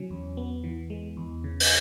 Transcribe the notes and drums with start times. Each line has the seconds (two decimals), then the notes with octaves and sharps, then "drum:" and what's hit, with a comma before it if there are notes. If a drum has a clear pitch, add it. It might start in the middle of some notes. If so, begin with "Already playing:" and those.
Already playing: C#3 F#3 C#4
0.10 E2
0.37 B3
0.64 E3
0.90 G#3
1.17 E2
1.44 C#3
1.60 drum: open hi-hat